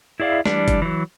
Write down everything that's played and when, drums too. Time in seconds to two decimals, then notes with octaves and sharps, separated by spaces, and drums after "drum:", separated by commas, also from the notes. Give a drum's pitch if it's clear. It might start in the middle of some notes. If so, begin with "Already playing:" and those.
0.20 E4 G#4 D5 E5 F5
0.46 E3 G3 D4, drum: snare A3
0.68 drum: kick, hi-hat
0.82 E3 F#3